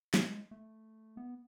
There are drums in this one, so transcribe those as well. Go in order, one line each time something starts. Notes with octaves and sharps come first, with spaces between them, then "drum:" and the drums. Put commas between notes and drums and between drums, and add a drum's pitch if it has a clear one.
G#3, drum: snare
A3
B3